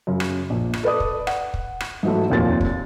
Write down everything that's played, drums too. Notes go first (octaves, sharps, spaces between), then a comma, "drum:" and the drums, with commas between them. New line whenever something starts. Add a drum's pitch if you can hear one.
F#2 C#3
drum: rim click
A#1
drum: rim click
A4 B4 D5 D#6
drum: kick
F#5, drum: rim click
drum: kick
drum: rim click
G#2 E3 F#3 A3
F1 A#1 D#2 A#2 A6
drum: kick